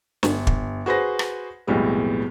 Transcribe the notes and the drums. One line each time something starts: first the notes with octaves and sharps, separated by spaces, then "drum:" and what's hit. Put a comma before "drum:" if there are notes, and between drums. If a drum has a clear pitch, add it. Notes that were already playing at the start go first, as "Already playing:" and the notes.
G1, drum: snare
drum: kick
F#4 G#4 B4 C5 A#6
drum: rim click
B1 F2 A2 G3 G#3 B3